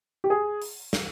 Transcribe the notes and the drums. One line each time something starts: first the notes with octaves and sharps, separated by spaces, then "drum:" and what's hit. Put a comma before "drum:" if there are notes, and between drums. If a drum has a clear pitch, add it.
G4
G#4
drum: open hi-hat
drum: snare